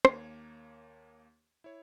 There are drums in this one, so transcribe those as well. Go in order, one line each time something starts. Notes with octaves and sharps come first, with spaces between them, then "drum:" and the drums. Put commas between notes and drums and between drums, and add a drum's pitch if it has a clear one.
D#2 A#3 C#5 G#6, drum: rim click
E4 C#5